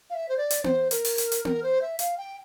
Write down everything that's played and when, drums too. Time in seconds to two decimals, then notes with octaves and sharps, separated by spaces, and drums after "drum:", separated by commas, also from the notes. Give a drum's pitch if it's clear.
0.10 F5
0.14 E5
0.29 C5
0.38 D5
0.51 drum: hi-hat
0.64 C5, drum: tom B3
0.91 A#4, drum: hi-hat
1.05 drum: open hi-hat
1.18 drum: hi-hat
1.32 drum: hi-hat
1.45 A#4, drum: tom B3
1.63 C5
1.82 E5
1.99 F5, drum: hi-hat
2.17 G5